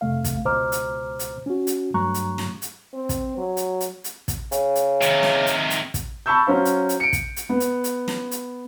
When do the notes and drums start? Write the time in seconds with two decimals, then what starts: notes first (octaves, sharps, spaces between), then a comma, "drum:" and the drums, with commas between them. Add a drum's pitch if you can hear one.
0.01 F2 C3 A3 F5
0.24 drum: kick, hi-hat
0.45 C#2 B2 C5 A#5 D6 F6
0.72 drum: hi-hat
1.19 drum: hi-hat
1.46 C#4 F#4
1.67 drum: hi-hat
1.94 G2 F#3 A3 A#5 C#6 F#6
2.14 drum: hi-hat
2.38 drum: snare
2.62 drum: hi-hat
2.94 C4
3.09 drum: kick, hi-hat
3.38 F#3
3.57 drum: hi-hat
3.80 drum: hi-hat
4.04 drum: hi-hat
4.28 drum: kick, hi-hat
4.52 C#3, drum: hi-hat
4.75 drum: hi-hat
5.02 C3 D#3, drum: hi-hat
5.23 drum: snare
5.47 drum: hi-hat
5.70 drum: hi-hat
5.94 drum: kick, hi-hat
6.26 A5 B5 C#6 E6 G6
6.47 F#3 C#4 C5 F5
6.65 drum: hi-hat
6.89 drum: hi-hat
7.00 C#7 D7
7.13 drum: kick, hi-hat
7.36 drum: hi-hat
7.49 B3
7.60 drum: hi-hat
7.84 drum: hi-hat
8.08 drum: snare
8.31 drum: hi-hat